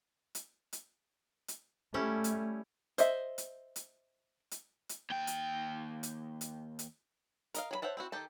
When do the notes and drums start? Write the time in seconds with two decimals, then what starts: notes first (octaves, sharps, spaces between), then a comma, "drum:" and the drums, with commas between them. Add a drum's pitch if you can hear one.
0.35 drum: hi-hat
0.73 drum: hi-hat
1.48 drum: hi-hat
1.94 G3 A3 C#4 E4
2.24 drum: hi-hat
2.98 C5 D#5 E5, drum: hi-hat
3.38 drum: hi-hat
3.76 drum: hi-hat
4.51 drum: hi-hat
4.89 drum: hi-hat
5.10 D#2 G5
5.27 drum: hi-hat
6.03 drum: hi-hat
6.41 drum: hi-hat
6.79 drum: hi-hat
7.54 A#4 D#5 F5, drum: hi-hat
7.71 F#3 G#4 B5
7.82 C5 C#5 E5 F#5 A5
7.97 C4 E4 F#4
8.12 D#3 G4 A4 A5